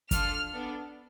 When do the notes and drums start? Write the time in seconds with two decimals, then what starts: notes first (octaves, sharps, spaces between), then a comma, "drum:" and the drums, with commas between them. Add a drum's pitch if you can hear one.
0.11 D4 F4 A4 F6, drum: kick, hi-hat
0.53 B3 D4 A4